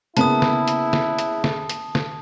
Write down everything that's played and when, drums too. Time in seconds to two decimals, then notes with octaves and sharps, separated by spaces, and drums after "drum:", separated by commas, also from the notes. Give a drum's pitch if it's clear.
0.17 C#3 A#3 B3 E4 A5 D#6, drum: hi-hat
0.42 drum: snare
0.68 drum: hi-hat
0.93 drum: snare
1.19 drum: hi-hat
1.44 drum: snare
1.69 drum: hi-hat
1.95 drum: snare